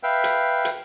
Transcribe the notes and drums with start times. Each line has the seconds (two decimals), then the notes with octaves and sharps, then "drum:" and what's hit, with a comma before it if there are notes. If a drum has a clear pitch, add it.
0.03 B4 E5 F5 G5
0.24 drum: hi-hat
0.65 drum: hi-hat